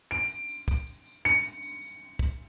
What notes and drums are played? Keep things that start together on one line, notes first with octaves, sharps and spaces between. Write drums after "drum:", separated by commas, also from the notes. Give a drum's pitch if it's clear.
D7, drum: tambourine
drum: tambourine
drum: tambourine
drum: kick, tambourine
drum: tambourine
drum: tambourine
C#7, drum: tambourine
drum: tambourine
drum: tambourine
drum: tambourine
drum: kick, tambourine